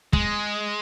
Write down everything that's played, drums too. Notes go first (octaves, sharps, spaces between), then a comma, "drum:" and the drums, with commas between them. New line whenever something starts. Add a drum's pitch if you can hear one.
G#3, drum: kick